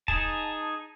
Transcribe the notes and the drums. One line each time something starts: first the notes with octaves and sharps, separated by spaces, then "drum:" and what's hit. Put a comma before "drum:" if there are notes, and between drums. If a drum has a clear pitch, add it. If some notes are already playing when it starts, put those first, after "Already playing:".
D#4 G#4 A5, drum: kick